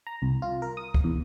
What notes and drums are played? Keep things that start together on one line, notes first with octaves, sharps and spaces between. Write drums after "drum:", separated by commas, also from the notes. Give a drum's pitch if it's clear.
A#5
C2
F4
A#4
D#6
drum: kick
E2